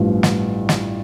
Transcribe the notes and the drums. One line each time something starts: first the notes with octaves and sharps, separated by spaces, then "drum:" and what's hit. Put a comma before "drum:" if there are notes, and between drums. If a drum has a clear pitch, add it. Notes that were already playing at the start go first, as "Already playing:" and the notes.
Already playing: A1 G2 F3
drum: snare
drum: snare